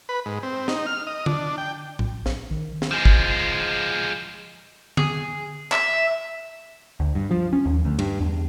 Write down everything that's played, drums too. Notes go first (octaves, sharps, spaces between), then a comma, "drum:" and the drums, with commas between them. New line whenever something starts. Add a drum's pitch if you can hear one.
B4
G#2
C4
D#4, drum: snare
F6
D#5
D4, drum: tom D3
G5
A#1, drum: tom A2
A#1, drum: snare
D#3
drum: snare
F3 G#3
drum: kick
G#4, drum: tom D3
E5, drum: clap
D2
G2
F3
C#4
D#2
D2
G2, drum: cymbal
E2